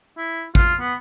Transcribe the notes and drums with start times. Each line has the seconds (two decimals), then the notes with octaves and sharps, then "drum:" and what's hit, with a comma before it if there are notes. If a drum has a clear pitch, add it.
0.18 E4
0.55 F4, drum: kick
0.80 B3